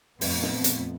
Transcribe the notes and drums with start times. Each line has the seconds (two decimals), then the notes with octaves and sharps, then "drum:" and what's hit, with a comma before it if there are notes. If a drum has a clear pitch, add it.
0.21 F2 A#2 A3 B3, drum: open hi-hat
0.43 drum: snare
0.64 drum: hi-hat